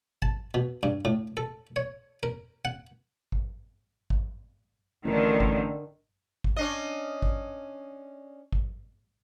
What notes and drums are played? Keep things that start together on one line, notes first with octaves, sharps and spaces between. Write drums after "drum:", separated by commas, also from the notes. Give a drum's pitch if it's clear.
A5, drum: kick G#1
B2
G2
A2
A4
C#5
A#4
F#5
drum: kick G#1
drum: kick G#1
A1 D3 D#3
drum: kick G#1
drum: kick G#1
C#4 D4 D#5
drum: kick G#1
drum: kick G#1